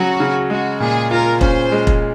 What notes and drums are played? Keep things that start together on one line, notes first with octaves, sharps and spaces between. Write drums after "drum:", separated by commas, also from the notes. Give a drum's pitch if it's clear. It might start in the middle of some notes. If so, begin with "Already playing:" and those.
Already playing: C#3 F#3 C#4 F#4
C#3
G#3 F#4
A#2 G#4
F4 A#4
C#4 C5, drum: kick E1
G#3
drum: kick E1